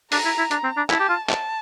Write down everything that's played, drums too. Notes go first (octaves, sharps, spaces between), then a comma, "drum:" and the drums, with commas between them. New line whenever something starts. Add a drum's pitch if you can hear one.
D4 A#5, drum: open hi-hat
E4
E4
D4, drum: hi-hat
C4
D4
E4 A5, drum: clap
G4
F4
A5, drum: clap